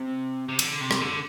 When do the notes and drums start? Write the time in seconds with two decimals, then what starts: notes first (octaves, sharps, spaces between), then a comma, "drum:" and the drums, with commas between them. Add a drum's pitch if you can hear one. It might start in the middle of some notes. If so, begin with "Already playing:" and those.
Already playing: C3
0.49 C3
0.59 D3, drum: cymbal
0.81 C3
0.91 drum: rim click
1.01 D3